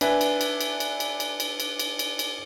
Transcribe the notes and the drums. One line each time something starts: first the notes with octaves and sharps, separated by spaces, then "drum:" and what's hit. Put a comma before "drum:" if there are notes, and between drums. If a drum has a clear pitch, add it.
D4 B4 E5 G#5, drum: cymbal
drum: cymbal
drum: cymbal
drum: cymbal
drum: cymbal
drum: cymbal
drum: cymbal
drum: cymbal
drum: cymbal
drum: cymbal
drum: cymbal
drum: cymbal